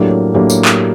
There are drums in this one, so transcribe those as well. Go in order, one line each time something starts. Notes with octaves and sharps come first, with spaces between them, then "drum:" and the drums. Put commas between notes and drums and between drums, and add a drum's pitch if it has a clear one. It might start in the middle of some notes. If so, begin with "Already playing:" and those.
Already playing: A2 F#3 A#3 D4 G4
A2 F#3 A#3 D4 G4
drum: tambourine
drum: clap